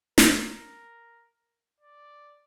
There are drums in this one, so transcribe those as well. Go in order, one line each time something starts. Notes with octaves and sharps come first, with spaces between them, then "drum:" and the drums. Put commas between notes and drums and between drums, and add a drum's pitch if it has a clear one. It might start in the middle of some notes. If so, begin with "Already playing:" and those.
A#4, drum: snare
D5